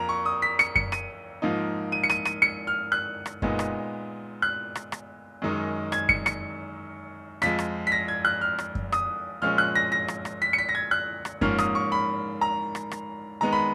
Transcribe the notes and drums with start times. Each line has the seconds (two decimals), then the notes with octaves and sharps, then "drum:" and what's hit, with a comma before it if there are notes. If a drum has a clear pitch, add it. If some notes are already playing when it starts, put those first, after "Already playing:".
Already playing: F2 F3 A#3 A#5
0.09 C#6
0.26 D#6
0.42 B6
0.59 C#7, drum: rim click
0.76 C#7, drum: kick F#2
0.92 D#7, drum: rim click
1.42 G#2 F3 A#3 D#4
1.92 D#7
2.04 C#7
2.10 D#7, drum: rim click
2.25 D#7, drum: rim click
2.42 C#7
2.67 F6
2.92 F#6
3.26 drum: rim click
3.42 A#2 G#3 B3 D#4, drum: kick F#2
3.59 drum: rim click
4.42 F#6
4.75 drum: rim click
4.92 drum: rim click
5.42 F#2 D#3 G#3 D#4
5.92 G#6, drum: rim click
6.09 C#7, drum: kick F#2
6.26 C#7, drum: rim click
7.42 F2 F3 G#3 B6, drum: rim click
7.59 drum: rim click
7.87 B6
7.92 A#6
8.08 G#6
8.25 F#6
8.41 F6
8.58 drum: rim click
8.75 drum: kick F#2
8.92 D#6, drum: rim click
9.42 A#2 F3 G#3 C#4 F6
9.58 F#6
9.75 A#6
9.92 A#6
10.08 drum: rim click
10.25 drum: rim click
10.42 B6
10.53 C#7
10.58 B6
10.69 A#6
10.75 G#6
10.91 F#6
11.25 drum: rim click
11.41 G#2 F3 A#3 C#4 F6, drum: kick F#2
11.58 D#6, drum: rim click
11.75 C#6
11.92 B5
12.41 A#5
12.75 drum: rim click
12.91 drum: rim click
13.41 D#3 G#3 B3 A#5
13.53 B5